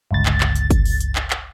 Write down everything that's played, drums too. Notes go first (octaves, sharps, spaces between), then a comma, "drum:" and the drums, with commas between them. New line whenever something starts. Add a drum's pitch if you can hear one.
G1 C#2 A6
drum: clap
drum: clap
drum: hi-hat
drum: kick, hi-hat
drum: open hi-hat
drum: hi-hat
drum: clap
drum: clap